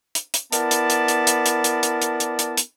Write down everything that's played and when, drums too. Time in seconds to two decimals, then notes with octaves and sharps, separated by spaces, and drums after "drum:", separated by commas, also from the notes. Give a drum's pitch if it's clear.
0.15 drum: hi-hat
0.34 drum: hi-hat
0.52 B3 E4 A#4 D5 A5, drum: hi-hat
0.71 drum: hi-hat
0.90 drum: hi-hat
1.08 drum: hi-hat
1.27 drum: hi-hat
1.46 drum: hi-hat
1.64 drum: hi-hat
1.83 drum: hi-hat
2.02 drum: hi-hat
2.20 drum: hi-hat
2.39 drum: hi-hat
2.57 drum: hi-hat